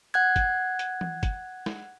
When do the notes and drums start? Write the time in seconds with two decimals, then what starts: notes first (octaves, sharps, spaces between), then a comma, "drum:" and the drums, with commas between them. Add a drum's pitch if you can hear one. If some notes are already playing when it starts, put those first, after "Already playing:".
0.14 F#5 F#6 G#6
0.36 drum: kick, hi-hat
0.79 drum: hi-hat
1.01 drum: tom E3
1.23 drum: kick, hi-hat
1.66 drum: snare